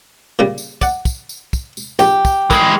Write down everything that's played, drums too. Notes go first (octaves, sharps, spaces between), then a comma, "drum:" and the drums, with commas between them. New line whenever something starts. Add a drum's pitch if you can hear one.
A#2 C#3 G3
drum: tambourine
D5 F#5, drum: kick, tambourine
drum: kick, tambourine
drum: tambourine
drum: kick, tambourine
drum: tambourine
A#1 G4, drum: tambourine
drum: kick, tambourine
E3 G#3 A#4, drum: kick, tambourine